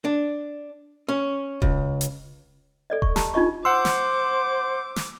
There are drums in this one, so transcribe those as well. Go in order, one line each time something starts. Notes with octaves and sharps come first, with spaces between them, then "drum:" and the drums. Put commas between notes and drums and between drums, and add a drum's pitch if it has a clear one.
D4
C#4
C#2, drum: kick D#1
drum: hi-hat
A4 D5 D#5
C#6, drum: kick D#1
G4 A5 A#5, drum: snare
D4 D#4 F4 D#5 C#6
C5 F#5 C6 D6 E6
drum: snare
drum: snare